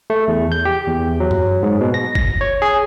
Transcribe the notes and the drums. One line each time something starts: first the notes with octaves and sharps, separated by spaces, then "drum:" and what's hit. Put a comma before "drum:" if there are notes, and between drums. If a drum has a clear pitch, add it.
A3
E2
G6
G4
E2
F#3
drum: tom F#2
G#2
B2
A#6
A#6, drum: kick G1
C#5
G#4